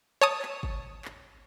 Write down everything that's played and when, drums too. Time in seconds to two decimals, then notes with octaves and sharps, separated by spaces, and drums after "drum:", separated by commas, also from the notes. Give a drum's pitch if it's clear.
0.21 C#5 A5 D#6
0.42 drum: clap
0.63 drum: kick G1
1.05 drum: clap